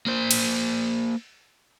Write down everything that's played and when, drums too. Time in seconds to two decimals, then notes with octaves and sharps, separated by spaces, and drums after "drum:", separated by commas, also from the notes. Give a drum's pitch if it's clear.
0.07 A#3 C5
0.31 drum: cymbal